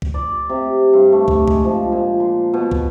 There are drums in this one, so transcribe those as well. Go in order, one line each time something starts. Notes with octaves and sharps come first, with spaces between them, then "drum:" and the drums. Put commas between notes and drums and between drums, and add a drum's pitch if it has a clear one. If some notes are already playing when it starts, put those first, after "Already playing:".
drum: kick
D5
C3
G2
A3
drum: kick
G#3, drum: kick
F3
A#2
C6
B2
drum: kick